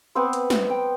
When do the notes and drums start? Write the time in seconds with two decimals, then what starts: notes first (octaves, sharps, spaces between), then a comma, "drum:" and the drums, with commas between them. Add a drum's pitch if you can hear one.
0.15 B3 C4 B4 C5
0.33 drum: hi-hat
0.50 drum: snare
0.70 G5